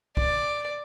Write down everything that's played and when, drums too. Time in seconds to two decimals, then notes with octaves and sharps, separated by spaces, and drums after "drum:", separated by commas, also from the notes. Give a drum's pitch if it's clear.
0.17 D5, drum: kick